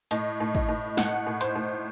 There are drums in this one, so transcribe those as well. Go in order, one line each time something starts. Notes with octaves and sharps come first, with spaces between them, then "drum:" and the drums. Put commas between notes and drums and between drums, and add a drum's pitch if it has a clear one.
A2 D#5, drum: hi-hat
A2
D#5, drum: kick
A2
A2 F#5, drum: snare
A2
C5, drum: hi-hat
A2